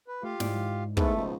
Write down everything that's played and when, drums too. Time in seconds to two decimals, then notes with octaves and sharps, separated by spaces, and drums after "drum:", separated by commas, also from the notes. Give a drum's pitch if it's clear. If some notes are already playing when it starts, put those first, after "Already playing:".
0.08 B4
0.23 A3 F4 G4 F5
0.40 G#2 E4 D5, drum: snare
0.97 G#2 A3 B3 E4 A4 B4, drum: kick
1.16 C#2 B2 F3 D#4